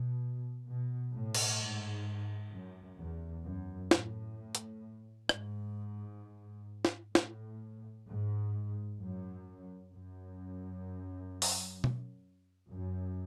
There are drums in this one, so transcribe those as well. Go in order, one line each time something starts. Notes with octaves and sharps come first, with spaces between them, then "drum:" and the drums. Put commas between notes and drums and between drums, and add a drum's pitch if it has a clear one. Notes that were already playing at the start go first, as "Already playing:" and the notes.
Already playing: B2
B2
A2
drum: cymbal
G#2
F#2
E2
F#2
A2, drum: snare
drum: hi-hat
G#2, drum: rim click
drum: snare
A2, drum: snare
G#2
F#2
F#2
drum: open hi-hat
drum: tom B2
F#2